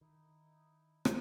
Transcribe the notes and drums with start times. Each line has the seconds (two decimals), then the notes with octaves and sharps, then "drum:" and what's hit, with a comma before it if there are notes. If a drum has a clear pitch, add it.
0.01 D#3 D#4 E4
1.05 drum: rim click